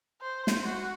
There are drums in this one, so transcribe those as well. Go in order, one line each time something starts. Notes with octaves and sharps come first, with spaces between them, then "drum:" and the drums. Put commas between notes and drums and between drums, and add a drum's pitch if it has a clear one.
C5
drum: snare
F#4